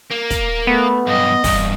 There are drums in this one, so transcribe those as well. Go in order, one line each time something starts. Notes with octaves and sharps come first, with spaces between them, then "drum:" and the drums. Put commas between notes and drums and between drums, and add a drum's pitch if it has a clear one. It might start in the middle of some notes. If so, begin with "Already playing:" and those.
A#3
drum: kick, hi-hat
A3 B3
B1 G2 D#5
E2 G2, drum: kick, open hi-hat